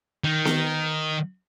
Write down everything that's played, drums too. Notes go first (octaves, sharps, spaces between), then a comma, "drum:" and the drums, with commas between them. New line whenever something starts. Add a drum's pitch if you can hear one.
D#3
drum: snare B3